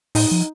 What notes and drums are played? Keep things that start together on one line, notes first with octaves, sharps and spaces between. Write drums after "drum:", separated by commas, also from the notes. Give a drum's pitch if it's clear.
A2 D#4, drum: open hi-hat
F3